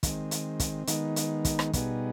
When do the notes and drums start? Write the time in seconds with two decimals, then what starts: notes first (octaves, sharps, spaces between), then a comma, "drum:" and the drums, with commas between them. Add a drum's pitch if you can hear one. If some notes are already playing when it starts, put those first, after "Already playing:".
0.03 D#3 G#3 C4, drum: kick, hi-hat
0.31 drum: hi-hat
0.60 drum: kick, hi-hat
0.87 D#3 G#3 B3 D#4, drum: hi-hat
1.16 drum: hi-hat
1.45 drum: kick, hi-hat
1.59 drum: rim click
1.73 B2 G3 B3 D#4 G#4, drum: kick, hi-hat